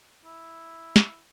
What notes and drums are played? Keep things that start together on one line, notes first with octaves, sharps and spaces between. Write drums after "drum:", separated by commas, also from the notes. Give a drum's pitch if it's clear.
E4
drum: snare